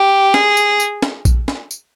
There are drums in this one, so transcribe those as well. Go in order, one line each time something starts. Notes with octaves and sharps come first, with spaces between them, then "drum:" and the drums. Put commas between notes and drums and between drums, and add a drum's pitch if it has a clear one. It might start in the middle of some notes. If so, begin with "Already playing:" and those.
Already playing: G4
G#4, drum: snare
drum: tambourine
drum: tambourine
drum: snare
drum: kick A#1, tambourine
drum: snare
drum: tambourine